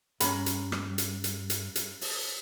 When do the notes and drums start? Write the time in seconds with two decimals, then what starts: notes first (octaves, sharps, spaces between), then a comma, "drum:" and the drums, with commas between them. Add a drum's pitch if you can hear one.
0.20 G2 C#4 A#5 B5, drum: hi-hat
0.46 drum: hi-hat
0.72 drum: rim click
0.98 drum: hi-hat
1.24 drum: hi-hat
1.50 drum: hi-hat
1.76 drum: hi-hat
2.01 drum: open hi-hat